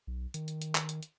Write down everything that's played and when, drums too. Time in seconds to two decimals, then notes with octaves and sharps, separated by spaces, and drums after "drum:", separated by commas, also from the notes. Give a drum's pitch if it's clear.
0.07 B1
0.34 D#3, drum: hi-hat
0.48 drum: hi-hat
0.62 drum: hi-hat
0.75 drum: clap
0.89 drum: hi-hat
1.03 drum: hi-hat